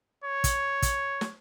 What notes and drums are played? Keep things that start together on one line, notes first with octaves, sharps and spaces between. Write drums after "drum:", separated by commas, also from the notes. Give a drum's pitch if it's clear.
C#5
drum: kick, hi-hat
drum: kick, hi-hat
drum: snare